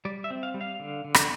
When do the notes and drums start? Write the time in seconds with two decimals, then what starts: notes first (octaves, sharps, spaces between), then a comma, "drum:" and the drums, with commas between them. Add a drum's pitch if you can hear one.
0.05 G3 D5
0.24 E5
0.30 C4
0.43 F5
0.54 G3
0.61 F5
0.80 D3
1.05 D3
1.14 drum: rim click